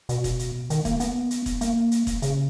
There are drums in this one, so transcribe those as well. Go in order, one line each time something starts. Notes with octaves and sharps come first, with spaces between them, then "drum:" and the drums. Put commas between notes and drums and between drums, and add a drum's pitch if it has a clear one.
B2, drum: hi-hat
drum: kick E1, hi-hat
drum: hi-hat
D#3, drum: hi-hat
A#3, drum: kick E1, hi-hat
B3, drum: hi-hat
drum: hi-hat
drum: kick E1, hi-hat
A#3, drum: hi-hat
drum: hi-hat
drum: kick E1, hi-hat
C#3, drum: hi-hat